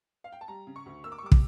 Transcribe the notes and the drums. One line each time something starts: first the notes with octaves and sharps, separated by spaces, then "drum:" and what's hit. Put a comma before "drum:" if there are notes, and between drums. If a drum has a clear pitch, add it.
F5
G5
A5
G3 A#5
C#3
C#6
D2
A#3 E6
D6
C#6
G3 D6
drum: kick